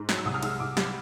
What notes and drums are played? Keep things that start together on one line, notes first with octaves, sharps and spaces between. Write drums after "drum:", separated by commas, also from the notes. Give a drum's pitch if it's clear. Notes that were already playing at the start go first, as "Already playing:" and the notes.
Already playing: G#2
F#3, drum: snare
E6
C2 D#6
F6
G#3 E6, drum: cymbal
C2 D6
G3, drum: snare